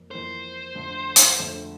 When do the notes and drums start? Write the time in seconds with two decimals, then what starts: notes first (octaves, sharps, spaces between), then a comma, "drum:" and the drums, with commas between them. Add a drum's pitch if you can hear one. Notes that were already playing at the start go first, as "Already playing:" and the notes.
Already playing: F2 A#3
0.10 F2 E3 A#3 C5
0.76 F2 D3 A3
1.16 drum: hi-hat
1.39 F2 D3 A3